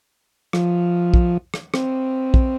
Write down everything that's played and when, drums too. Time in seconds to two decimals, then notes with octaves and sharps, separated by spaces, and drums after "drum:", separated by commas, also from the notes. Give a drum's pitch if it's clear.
0.53 F3, drum: rim click
1.14 drum: kick A#1
1.54 drum: rim click
1.74 C4, drum: rim click
2.34 drum: kick A#1